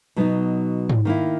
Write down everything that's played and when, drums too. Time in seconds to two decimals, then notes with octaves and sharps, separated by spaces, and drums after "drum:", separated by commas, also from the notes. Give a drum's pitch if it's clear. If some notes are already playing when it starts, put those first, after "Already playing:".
0.16 B2 F#3 B3 D#4
0.89 drum: tom G#2
1.05 D#3 A#3 E4